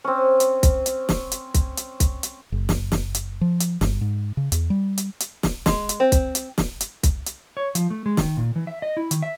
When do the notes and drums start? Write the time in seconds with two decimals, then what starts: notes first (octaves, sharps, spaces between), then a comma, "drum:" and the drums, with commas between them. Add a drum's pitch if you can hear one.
0.04 C4 C#4
0.40 drum: hi-hat
0.63 drum: kick, hi-hat
0.86 drum: hi-hat
1.09 drum: snare
1.32 drum: hi-hat
1.54 drum: kick, hi-hat
1.77 drum: hi-hat
2.00 drum: kick, hi-hat
2.23 drum: hi-hat
2.52 F#1
2.69 drum: snare
2.92 drum: snare
3.15 drum: hi-hat
3.41 F3
3.60 drum: hi-hat
3.81 G1, drum: snare
4.01 G#2
4.37 C#3
4.52 E2, drum: hi-hat
4.70 G3
4.98 drum: hi-hat
5.20 drum: hi-hat
5.43 drum: snare
5.66 G#3, drum: snare
5.89 drum: hi-hat
6.00 C4
6.12 drum: kick, hi-hat
6.35 drum: hi-hat
6.58 drum: snare
6.81 drum: hi-hat
7.03 drum: kick, hi-hat
7.26 drum: hi-hat
7.57 C#5
7.75 F3, drum: hi-hat
7.90 A3
8.06 G#3
8.17 D#3, drum: snare
8.37 A#2
8.56 E3
8.67 E5
8.82 D#5
8.97 E4
9.11 D#3, drum: hi-hat
9.23 E5